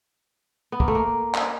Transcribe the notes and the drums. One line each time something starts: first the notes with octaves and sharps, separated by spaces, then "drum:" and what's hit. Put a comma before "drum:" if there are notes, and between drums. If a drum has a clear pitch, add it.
B3
A#3, drum: kick
A3
A#3
drum: clap